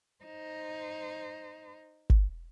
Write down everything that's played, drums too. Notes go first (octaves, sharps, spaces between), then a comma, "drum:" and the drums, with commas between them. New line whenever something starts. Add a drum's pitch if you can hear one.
D#4 C5
drum: kick G1